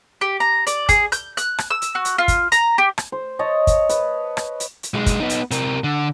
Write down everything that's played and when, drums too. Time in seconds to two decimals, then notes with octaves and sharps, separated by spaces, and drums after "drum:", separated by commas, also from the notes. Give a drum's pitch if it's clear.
0.21 G4
0.40 A#5
0.67 D5, drum: hi-hat
0.89 G#4, drum: kick, hi-hat
1.12 G6, drum: hi-hat
1.37 F#6, drum: hi-hat
1.58 drum: rim click
1.71 E6
1.82 drum: hi-hat
1.95 F#4
2.05 drum: hi-hat
2.18 F4
2.28 drum: kick, hi-hat
2.52 A#5, drum: hi-hat
2.78 G4
2.98 drum: rim click
3.12 C5
3.39 C#5 D#5 A5
3.67 drum: kick, hi-hat
3.89 B4, drum: hi-hat
4.37 drum: rim click
4.60 drum: hi-hat
4.83 drum: hi-hat
4.94 B1 G#3
5.06 drum: kick, hi-hat
5.20 B3 D#4
5.30 drum: hi-hat
5.51 C3 A#4, drum: hi-hat
5.84 D3